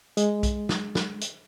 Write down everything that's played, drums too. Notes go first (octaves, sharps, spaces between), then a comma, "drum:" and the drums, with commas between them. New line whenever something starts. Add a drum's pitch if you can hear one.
G#3, drum: hi-hat
drum: kick B1, hi-hat
drum: snare
drum: snare
drum: hi-hat